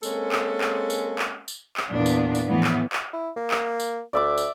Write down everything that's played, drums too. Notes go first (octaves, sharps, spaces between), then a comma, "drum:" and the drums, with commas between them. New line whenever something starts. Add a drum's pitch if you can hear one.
G#3 A#3 C4 C#4 A4 A#4, drum: tambourine
drum: clap
drum: clap
drum: tambourine
drum: clap
drum: tambourine
drum: clap
E2 A#2 B3 D4
drum: tambourine
drum: tambourine
A2 E3 F3 B3
drum: clap
drum: clap
E4
A#3
drum: clap
drum: tambourine
D2 D5 E5 D6
drum: tambourine